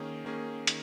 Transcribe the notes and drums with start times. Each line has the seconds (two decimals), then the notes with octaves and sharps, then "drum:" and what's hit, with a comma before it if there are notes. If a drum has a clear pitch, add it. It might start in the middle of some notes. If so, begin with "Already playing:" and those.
Already playing: D#3 A#3 C#4 G#4
0.25 D#3 A#3 C#4 G#4
0.67 D#3, drum: hi-hat